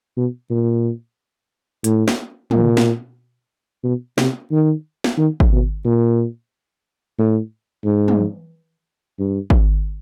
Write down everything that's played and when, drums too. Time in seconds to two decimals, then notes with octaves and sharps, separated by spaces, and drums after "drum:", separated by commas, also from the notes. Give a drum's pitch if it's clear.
0.17 B2
0.50 A#2
1.84 A2, drum: hi-hat
2.08 drum: snare
2.51 A#2, drum: tom
2.77 drum: snare
3.84 B2
4.18 C3, drum: snare
4.52 D#3
5.04 drum: snare
5.17 D#3
5.40 drum: kick G#1
5.51 B2
5.85 A#2
7.19 A2
7.84 G#2
8.08 drum: tom
9.19 G2
9.50 drum: kick G#1